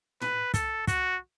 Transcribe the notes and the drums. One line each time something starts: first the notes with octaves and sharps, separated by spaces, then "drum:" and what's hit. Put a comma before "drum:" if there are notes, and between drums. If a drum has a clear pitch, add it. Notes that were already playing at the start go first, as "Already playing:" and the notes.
B4, drum: tom
A4, drum: kick, hi-hat
F#4, drum: kick, hi-hat